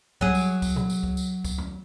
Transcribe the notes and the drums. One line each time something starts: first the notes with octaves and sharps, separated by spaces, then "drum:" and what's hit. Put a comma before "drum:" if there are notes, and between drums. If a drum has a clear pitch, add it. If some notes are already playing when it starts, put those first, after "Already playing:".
F#3 G#4, drum: kick C#2
drum: tambourine
drum: kick C#2, tambourine
drum: tom A#2
drum: tambourine
drum: kick C#2
drum: tambourine
drum: kick C#2, tambourine
drum: tom E2